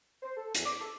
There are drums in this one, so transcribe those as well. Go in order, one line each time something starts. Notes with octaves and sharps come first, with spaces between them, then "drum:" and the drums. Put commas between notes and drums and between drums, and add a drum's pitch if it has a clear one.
C5
A4
E2, drum: hi-hat
D6
A4